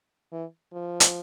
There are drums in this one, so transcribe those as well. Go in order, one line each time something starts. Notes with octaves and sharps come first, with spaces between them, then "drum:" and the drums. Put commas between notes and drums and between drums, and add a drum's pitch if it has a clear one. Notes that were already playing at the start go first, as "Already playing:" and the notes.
E3
F3
drum: hi-hat